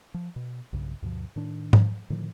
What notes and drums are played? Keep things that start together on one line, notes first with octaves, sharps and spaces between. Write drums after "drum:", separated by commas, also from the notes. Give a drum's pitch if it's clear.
F3
B2
B1 G2 C#3
D2 G2 B2 F3
A2 D#3 D4
drum: tom
A2 D3 D#3 F3